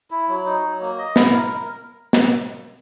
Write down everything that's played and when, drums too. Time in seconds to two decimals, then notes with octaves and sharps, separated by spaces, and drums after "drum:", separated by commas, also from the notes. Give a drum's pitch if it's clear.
0.11 E4
0.28 F#3
0.46 D#4
0.63 F#3
0.81 A#3
0.98 D#5
1.16 E4, drum: snare
1.33 A#4
1.51 A#4
2.13 drum: snare